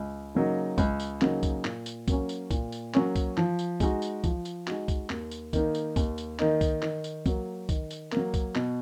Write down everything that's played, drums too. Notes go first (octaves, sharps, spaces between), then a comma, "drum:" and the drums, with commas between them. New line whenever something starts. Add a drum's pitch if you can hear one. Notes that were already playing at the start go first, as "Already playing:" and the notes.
Already playing: C#2
C#3 F#3 A#3 D#4
C#2, drum: kick, tambourine
drum: tambourine
C#3 F#3 A#3 D#4, drum: clap
drum: kick, tambourine
A#2, drum: clap
drum: tambourine
F#3 A#3 C#4, drum: kick, tambourine
drum: tambourine
A#2, drum: kick, tambourine
drum: tambourine
F#3 A#3 C#4, drum: clap
drum: kick, tambourine
F3, drum: clap
drum: tambourine
G#3 D#4 F#4, drum: kick, tambourine
drum: tambourine
F3, drum: kick, tambourine
drum: tambourine
G#3 D#4 F#4, drum: clap
drum: kick, tambourine
D#2, drum: clap
drum: tambourine
D#3 A#3 D#4, drum: kick, tambourine
drum: tambourine
D#2, drum: kick, tambourine
drum: tambourine
D#3 A#3 D#4, drum: clap
drum: kick, tambourine
D#3, drum: clap
drum: tambourine
F#3 A#3, drum: kick, tambourine
D#3, drum: kick, tambourine
drum: tambourine
F#3 A#3, drum: clap
drum: kick, tambourine
B2, drum: clap